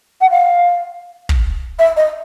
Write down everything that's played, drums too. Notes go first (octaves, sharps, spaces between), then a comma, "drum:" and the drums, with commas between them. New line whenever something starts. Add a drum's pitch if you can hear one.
F#5
F5
drum: kick
E5
D#5